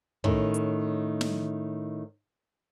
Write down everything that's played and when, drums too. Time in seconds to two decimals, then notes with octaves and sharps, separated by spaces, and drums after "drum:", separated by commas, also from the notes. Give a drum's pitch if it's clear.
0.24 A2 D#3 C#4, drum: kick
0.54 drum: hi-hat
1.21 drum: snare